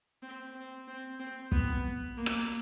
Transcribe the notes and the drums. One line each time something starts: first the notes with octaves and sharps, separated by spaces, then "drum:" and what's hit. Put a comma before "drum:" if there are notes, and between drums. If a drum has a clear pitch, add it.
C4
C4
C4
C4
B3, drum: kick
A#3
drum: rim click